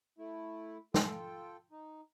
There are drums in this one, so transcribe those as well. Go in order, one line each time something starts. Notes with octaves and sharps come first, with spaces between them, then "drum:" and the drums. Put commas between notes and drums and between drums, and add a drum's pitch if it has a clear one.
A3 E4
F4 A4 G5, drum: snare
D#4